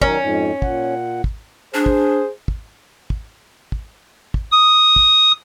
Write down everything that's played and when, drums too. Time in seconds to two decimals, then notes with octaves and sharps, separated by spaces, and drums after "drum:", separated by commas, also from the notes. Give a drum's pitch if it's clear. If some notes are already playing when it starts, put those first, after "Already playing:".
0.02 D#3 F#3 C#4 A#4, drum: kick
0.20 F2 G#2
0.62 A#2 F#5, drum: kick
1.24 drum: kick
1.74 D4 G#4 C5
1.86 drum: kick
2.48 drum: kick
3.10 drum: kick
3.72 drum: kick
4.34 drum: kick
4.52 D#6
4.96 drum: kick